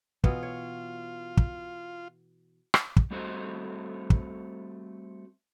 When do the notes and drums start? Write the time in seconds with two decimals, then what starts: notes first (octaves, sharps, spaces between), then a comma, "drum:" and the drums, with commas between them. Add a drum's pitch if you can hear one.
0.24 B2 E3 B3 F4, drum: kick
0.43 C#5
1.37 drum: kick
2.74 drum: rim click
2.96 drum: kick
3.11 G3 A3 C4 F#4 C5 D#5
4.10 drum: kick